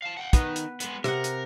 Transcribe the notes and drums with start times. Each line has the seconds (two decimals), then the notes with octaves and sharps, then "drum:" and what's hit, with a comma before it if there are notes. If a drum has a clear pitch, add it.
0.02 F5 A5
0.17 F#5 G5
0.33 D#3 B3 D#4 B4, drum: kick, hi-hat
0.56 drum: hi-hat
0.80 G#3 B3, drum: hi-hat
1.04 C3 A#4 F#5, drum: rim click
1.24 drum: hi-hat